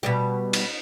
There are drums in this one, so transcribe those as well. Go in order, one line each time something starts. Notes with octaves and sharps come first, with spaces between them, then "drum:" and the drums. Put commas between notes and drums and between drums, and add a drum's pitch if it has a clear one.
B2 G3 G4
drum: cymbal